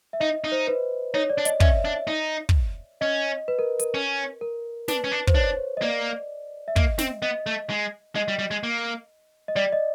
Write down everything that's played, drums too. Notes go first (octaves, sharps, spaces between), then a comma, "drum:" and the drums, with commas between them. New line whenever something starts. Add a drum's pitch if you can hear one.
E5
D#4 D#5
D#4
C5
B4
D#4 C#5
D5
D4
D#5, drum: hi-hat
C#4 E5, drum: kick
D4
D#4
drum: kick
C#4 D#5
B4
A#4
A#4, drum: hi-hat
C#4
A#4
D4 B4, drum: snare
C#4
D4
C5, drum: kick
D4 C#5
D#5
A#3 D5
E5
A#3 D#5, drum: kick
C4, drum: snare
B3 D#5
A3
G#3
G#3 D#5
G3
G3
G#3
A#3
D#5
G3 D5
D#5